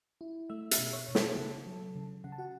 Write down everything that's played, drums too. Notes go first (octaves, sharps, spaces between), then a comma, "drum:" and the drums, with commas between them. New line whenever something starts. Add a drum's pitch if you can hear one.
E4
A3 E5 E6
E5 E6, drum: hi-hat
B2
C#5 C#6
B2
A4 A5, drum: snare
C#3
F#3
C#3
C#3 F#5
A5
F#4 F#5